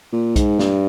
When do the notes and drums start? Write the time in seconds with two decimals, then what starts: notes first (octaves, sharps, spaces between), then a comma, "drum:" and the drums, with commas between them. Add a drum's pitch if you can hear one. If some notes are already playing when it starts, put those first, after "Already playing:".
0.13 A#2
0.36 G#2, drum: kick B1, hi-hat
0.59 G2, drum: snare